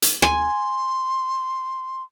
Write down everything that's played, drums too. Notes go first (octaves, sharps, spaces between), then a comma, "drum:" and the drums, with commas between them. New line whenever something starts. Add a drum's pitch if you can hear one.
drum: hi-hat
G#5 C6, drum: rim click